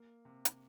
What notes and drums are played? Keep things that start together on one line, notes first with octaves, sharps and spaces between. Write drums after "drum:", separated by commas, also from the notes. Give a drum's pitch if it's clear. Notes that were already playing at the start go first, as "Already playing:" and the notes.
Already playing: A#3
C3
drum: hi-hat